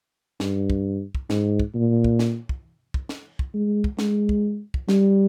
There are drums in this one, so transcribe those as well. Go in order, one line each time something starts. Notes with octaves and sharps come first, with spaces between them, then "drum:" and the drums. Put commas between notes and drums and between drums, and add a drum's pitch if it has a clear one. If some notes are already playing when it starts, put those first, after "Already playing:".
G2, drum: snare
drum: kick
drum: kick
G#2, drum: snare
drum: kick
A#2
drum: kick
drum: snare
drum: kick
drum: kick
drum: snare
drum: kick
G#3
drum: kick
G#3, drum: snare
drum: kick
drum: kick
G3, drum: snare